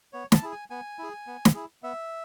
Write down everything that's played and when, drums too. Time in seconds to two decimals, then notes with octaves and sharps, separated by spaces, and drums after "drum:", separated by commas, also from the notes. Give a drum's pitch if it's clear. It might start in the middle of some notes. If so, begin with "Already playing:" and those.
0.13 B3 C#5
0.32 A5, drum: snare
0.42 E4 G#4
0.51 G#5
0.70 B3 G#5
0.99 E4 G#4
1.27 B3
1.45 drum: snare
1.54 E4 G#4
1.83 B3 E5